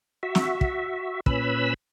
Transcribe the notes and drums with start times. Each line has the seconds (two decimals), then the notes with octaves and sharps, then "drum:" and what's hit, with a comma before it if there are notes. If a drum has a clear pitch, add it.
0.23 F#4 E5
0.35 drum: snare
0.61 drum: kick
1.26 A#2 C#4 B4 B5 E6, drum: kick